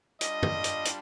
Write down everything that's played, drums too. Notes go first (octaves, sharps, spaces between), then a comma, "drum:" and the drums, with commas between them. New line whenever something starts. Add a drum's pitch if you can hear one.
G3 D4 F4 D#5, drum: hi-hat
drum: tom
drum: hi-hat
drum: hi-hat